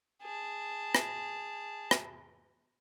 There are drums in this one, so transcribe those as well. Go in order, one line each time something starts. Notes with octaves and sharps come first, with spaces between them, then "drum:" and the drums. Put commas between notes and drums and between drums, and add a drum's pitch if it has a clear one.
G#4 A5
drum: rim click
drum: rim click